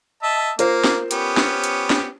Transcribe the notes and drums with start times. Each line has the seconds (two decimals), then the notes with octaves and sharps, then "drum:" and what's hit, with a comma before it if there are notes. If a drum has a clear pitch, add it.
0.23 D#5 E5 A5
0.59 A#3 F4 A#4 C5, drum: hi-hat
0.84 drum: snare
1.11 B3 C#4 G4, drum: hi-hat
1.37 drum: snare
1.64 drum: hi-hat
1.90 drum: snare